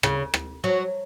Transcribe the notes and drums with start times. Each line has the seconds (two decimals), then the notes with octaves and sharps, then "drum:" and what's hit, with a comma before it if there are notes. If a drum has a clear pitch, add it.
0.03 C#3, drum: rim click
0.34 drum: rim click
0.64 F#3